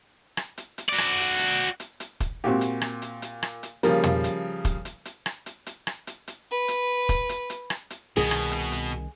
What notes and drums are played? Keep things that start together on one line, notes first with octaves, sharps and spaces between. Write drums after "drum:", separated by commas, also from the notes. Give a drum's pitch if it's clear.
drum: rim click
drum: hi-hat
drum: hi-hat
F#4 D5
drum: rim click
drum: hi-hat
drum: hi-hat
drum: hi-hat
drum: hi-hat
drum: kick, hi-hat
A#2 C4 F#4 G4
drum: hi-hat
drum: rim click
drum: hi-hat
drum: hi-hat
drum: rim click
drum: hi-hat
C#3 F3 G3 A#3, drum: hi-hat
drum: tom
drum: hi-hat
drum: kick, hi-hat
drum: hi-hat
drum: hi-hat
drum: rim click
drum: hi-hat
drum: hi-hat
drum: rim click
drum: hi-hat
drum: hi-hat
B4
drum: hi-hat
drum: kick, hi-hat
drum: hi-hat
drum: hi-hat
drum: rim click
drum: hi-hat
C2 B2 D#3 G#4
drum: rim click
drum: hi-hat
drum: hi-hat